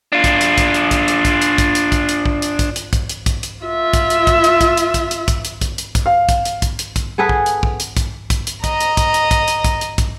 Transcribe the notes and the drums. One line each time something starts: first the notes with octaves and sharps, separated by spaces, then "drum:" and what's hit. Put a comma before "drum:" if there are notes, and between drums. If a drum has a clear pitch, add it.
D4 F4
drum: kick, hi-hat
drum: hi-hat
drum: kick, hi-hat
drum: hi-hat
drum: kick, hi-hat
drum: hi-hat
drum: kick, hi-hat
drum: hi-hat
drum: kick, hi-hat
drum: hi-hat
drum: kick, hi-hat
drum: hi-hat
drum: kick
drum: hi-hat
drum: kick, hi-hat
drum: hi-hat
drum: kick, hi-hat
drum: hi-hat
drum: kick, hi-hat
drum: hi-hat
F4 E5
drum: kick, hi-hat
drum: hi-hat
drum: kick, hi-hat
drum: hi-hat
drum: kick, hi-hat
drum: hi-hat
drum: kick, hi-hat
drum: hi-hat
drum: kick, hi-hat
drum: hi-hat
drum: kick, hi-hat
drum: hi-hat
drum: kick, hi-hat
F5
drum: kick, hi-hat
drum: hi-hat
drum: kick, hi-hat
drum: hi-hat
drum: kick, hi-hat
B3 G#4 A4 B4
drum: kick
drum: hi-hat
drum: kick
drum: hi-hat
drum: kick, hi-hat
drum: kick, hi-hat
drum: hi-hat
D#5 A#5, drum: kick, hi-hat
drum: hi-hat
drum: kick, hi-hat
drum: hi-hat
drum: kick, hi-hat
drum: hi-hat
drum: kick, hi-hat
drum: hi-hat
drum: kick, hi-hat